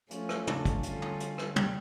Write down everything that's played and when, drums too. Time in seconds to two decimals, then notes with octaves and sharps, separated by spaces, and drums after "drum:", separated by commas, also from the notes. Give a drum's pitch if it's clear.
0.11 F3 A3 C#4 F4, drum: hi-hat
0.29 drum: rim click
0.47 D4, drum: tom
0.65 drum: kick, hi-hat
0.83 D3 G3 C#4 F4 A4, drum: hi-hat
1.02 drum: tom
1.20 drum: hi-hat
1.38 drum: rim click
1.56 G3, drum: tom